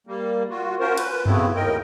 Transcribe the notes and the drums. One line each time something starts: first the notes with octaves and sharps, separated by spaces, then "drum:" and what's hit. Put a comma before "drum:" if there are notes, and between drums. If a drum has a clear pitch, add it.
G3 A#3
F4 F#4
C#4 F4 F#4 A#4 C5
B4, drum: cymbal
C#3 F#3 A3 B3 C4 E4, drum: tom G2
D#2 A2 A#4 D#5 G5